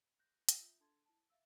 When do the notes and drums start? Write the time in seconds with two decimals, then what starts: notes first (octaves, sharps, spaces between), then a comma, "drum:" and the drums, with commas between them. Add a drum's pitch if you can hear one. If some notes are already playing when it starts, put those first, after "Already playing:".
0.19 F#6 G6 A#6
0.49 drum: hi-hat
0.60 F4 E5 D#6 G6
0.80 D4 A4 A5 C6 G#6 A6
1.06 E4 A5
1.30 E5 F5 E6